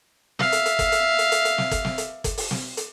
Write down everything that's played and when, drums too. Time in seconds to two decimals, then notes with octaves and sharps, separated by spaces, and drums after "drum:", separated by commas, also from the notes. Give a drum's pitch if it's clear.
0.39 E5 F5, drum: snare
0.52 drum: hi-hat
0.66 drum: hi-hat
0.79 drum: kick, hi-hat
0.92 drum: hi-hat
1.18 drum: hi-hat
1.32 drum: hi-hat
1.45 drum: hi-hat
1.58 drum: snare
1.71 drum: kick, hi-hat
1.85 drum: snare
1.98 drum: hi-hat
2.24 drum: kick, hi-hat
2.37 drum: open hi-hat
2.51 drum: snare
2.77 drum: hi-hat